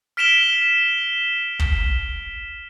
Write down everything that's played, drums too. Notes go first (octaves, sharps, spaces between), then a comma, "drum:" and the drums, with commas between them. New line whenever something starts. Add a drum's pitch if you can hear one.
F6 B6 D7 E7 F7 G7
drum: kick